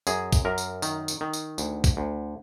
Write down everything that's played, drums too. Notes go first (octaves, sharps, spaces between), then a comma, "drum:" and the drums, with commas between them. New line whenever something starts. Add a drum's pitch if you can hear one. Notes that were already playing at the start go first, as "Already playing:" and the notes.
F#2 G#4, drum: tambourine
drum: kick, tambourine
F#2 A#4
drum: tambourine
D#3, drum: tambourine
drum: tambourine
D#3
drum: tambourine
D2, drum: tambourine
drum: kick, tambourine
D2